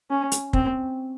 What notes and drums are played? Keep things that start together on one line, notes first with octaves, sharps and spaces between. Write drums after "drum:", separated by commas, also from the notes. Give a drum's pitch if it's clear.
C#4
drum: hi-hat
C4, drum: kick